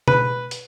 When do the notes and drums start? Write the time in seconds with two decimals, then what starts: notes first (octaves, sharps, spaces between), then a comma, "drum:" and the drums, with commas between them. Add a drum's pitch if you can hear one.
0.08 B4, drum: tom B2
0.51 drum: hi-hat